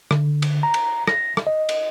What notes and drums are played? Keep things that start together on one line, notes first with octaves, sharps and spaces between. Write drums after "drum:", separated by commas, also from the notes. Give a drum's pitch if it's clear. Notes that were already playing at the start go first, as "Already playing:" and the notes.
D3, drum: rim click
drum: cymbal
A#5
drum: cymbal
A#6, drum: rim click
drum: rim click
D#5
drum: cymbal